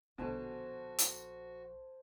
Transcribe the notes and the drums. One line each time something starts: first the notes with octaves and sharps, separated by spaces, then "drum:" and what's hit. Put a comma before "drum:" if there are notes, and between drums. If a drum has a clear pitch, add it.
A#1 B2 D3 F#4 C5 G#5 A5
drum: hi-hat